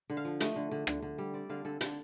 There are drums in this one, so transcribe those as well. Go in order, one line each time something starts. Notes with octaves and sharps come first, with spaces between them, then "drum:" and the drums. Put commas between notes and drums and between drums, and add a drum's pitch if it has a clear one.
D3
F5
F3
A3 D#5, drum: hi-hat
D3
D3
D3, drum: rim click
D3
G3
C4 D5
D3 F5
D3 A4
D3 A4, drum: hi-hat